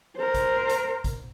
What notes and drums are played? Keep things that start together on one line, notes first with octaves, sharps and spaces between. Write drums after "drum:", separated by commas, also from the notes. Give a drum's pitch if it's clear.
A#4 C5
drum: kick A1, hi-hat
drum: hi-hat
drum: kick A1, hi-hat